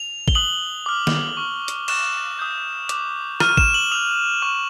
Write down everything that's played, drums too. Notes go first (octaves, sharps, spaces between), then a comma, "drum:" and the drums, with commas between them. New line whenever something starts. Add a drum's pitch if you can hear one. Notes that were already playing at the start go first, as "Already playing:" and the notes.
Already playing: F7
G7, drum: kick
D#6 F#6 F#7
D6 F6
drum: snare
C#6 F6
drum: hi-hat
C#6 F#6 E7, drum: cymbal
D#6 G6
D6 F#6, drum: hi-hat
C#6 F6 D#7, drum: rim click
E7, drum: kick
F#7
D#6 F#6 F7
C#6 F6